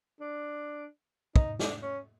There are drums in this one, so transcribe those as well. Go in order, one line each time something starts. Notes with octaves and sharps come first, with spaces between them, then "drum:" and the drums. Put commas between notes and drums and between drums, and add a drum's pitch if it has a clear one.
D4
D#4, drum: kick
D4, drum: snare
C#4